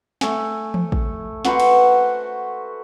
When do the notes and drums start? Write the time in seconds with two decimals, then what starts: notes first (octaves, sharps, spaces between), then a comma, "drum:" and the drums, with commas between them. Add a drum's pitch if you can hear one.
0.21 A3 G#5, drum: snare
0.74 drum: tom E3
0.92 drum: kick
1.45 F#4 B4 C5 C#6, drum: snare
1.60 drum: cymbal